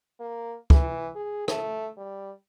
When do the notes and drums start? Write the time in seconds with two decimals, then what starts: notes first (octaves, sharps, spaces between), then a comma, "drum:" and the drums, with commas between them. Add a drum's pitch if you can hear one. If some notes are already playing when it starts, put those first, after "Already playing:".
0.20 A#3
0.70 E3, drum: kick
1.15 G#4
1.48 A3, drum: rim click
1.97 G3